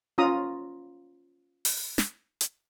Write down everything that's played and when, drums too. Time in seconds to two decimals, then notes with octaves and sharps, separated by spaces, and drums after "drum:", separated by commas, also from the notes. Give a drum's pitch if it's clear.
0.18 C#4 F4 A#5 D#6
1.65 drum: open hi-hat
1.98 drum: snare
2.41 drum: hi-hat